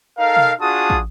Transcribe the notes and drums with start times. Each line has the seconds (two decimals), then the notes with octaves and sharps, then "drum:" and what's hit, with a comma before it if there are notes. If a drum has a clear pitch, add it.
0.19 D#4 A4 A#4 F5
0.36 drum: tom B2
0.61 D4 F4 F#4 G#4 A5 D#6
0.90 drum: kick